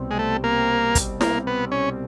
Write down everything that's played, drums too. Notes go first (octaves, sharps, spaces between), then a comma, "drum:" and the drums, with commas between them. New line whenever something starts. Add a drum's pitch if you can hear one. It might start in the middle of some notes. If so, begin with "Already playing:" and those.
Already playing: C2 B2 G3 C4
G#3
A3
A#3
drum: kick, hi-hat
A#3, drum: snare E4
B3
C#4